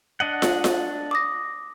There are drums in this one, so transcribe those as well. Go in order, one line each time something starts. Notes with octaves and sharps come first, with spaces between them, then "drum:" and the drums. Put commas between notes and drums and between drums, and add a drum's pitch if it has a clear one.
D4 D#5 F#5
drum: snare
drum: snare
D6 D#6 A#6